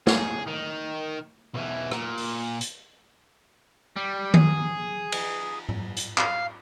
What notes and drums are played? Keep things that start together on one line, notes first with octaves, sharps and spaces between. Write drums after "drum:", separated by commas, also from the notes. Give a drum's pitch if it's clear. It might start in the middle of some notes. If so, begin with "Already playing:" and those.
G#4, drum: snare
D#3
B1 E3
A#2, drum: rim click
drum: open hi-hat
drum: hi-hat
G3
G#4, drum: tom D#3
drum: cymbal
drum: tom G#2
drum: hi-hat
F5, drum: clap